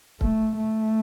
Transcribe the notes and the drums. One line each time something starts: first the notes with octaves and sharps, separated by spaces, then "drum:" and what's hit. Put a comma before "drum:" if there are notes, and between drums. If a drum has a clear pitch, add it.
A3, drum: kick C#1
A3